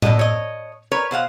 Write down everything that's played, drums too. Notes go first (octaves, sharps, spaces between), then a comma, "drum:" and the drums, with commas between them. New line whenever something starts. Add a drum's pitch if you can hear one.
B2 D3 D4 D#5, drum: tom A2
C#5 D#5
A#4 B4 C#5
B2 C5 F5 F#5